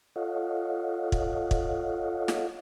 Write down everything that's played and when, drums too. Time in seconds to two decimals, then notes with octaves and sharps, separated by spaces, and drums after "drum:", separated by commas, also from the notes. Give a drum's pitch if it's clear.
0.16 F4 A4 C#5 D#5 F5 F#5
1.12 drum: kick
1.51 drum: kick
2.28 drum: snare